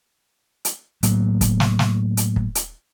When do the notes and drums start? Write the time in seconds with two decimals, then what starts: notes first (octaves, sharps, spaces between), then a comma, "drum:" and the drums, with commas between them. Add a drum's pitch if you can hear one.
0.65 drum: hi-hat
1.03 A2 F#3 A#3, drum: hi-hat
1.41 drum: kick, hi-hat
1.60 drum: snare
1.79 drum: snare
2.17 drum: hi-hat
2.36 drum: kick
2.55 drum: hi-hat